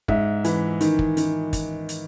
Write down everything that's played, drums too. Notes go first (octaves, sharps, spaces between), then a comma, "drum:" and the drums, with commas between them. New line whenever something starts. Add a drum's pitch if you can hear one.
G#2 E5, drum: kick
E3, drum: hi-hat
D#3, drum: hi-hat
drum: kick
D#3, drum: hi-hat
drum: kick, hi-hat
drum: hi-hat